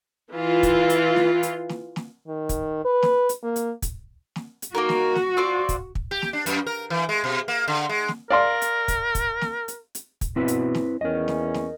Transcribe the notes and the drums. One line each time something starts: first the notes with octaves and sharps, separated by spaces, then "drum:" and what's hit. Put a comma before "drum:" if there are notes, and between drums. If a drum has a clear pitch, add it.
E3 F4
drum: kick, hi-hat
drum: hi-hat
drum: snare
drum: hi-hat
drum: snare
drum: snare
D#3
drum: kick, hi-hat
B4
drum: snare
drum: hi-hat
A#3
drum: hi-hat
drum: kick, hi-hat
drum: snare
drum: hi-hat
A#3 D#4 F#4 A#4
drum: snare
drum: snare
C4 F4 D5
drum: kick, hi-hat
drum: kick
G4
drum: snare
D4
F#2, drum: hi-hat
A#4
E3
G#3
B2
A#3
D3
G#3
drum: snare
A#4 D5 F5 C6
drum: hi-hat
drum: kick, hi-hat
drum: kick, hi-hat
drum: snare
drum: hi-hat
drum: hi-hat
drum: kick, hi-hat
B2 C4 E4 B4
drum: hi-hat
drum: snare
E2 C#4 A#4 D#5
drum: snare
drum: snare